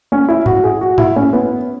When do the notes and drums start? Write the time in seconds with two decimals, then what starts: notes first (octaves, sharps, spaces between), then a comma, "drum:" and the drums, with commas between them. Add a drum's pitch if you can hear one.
0.12 C#4
0.29 E4
0.46 F#4, drum: tom G#2
0.64 G#4
0.81 F#4
0.98 E4, drum: tom G#2
1.16 C#4
1.33 B3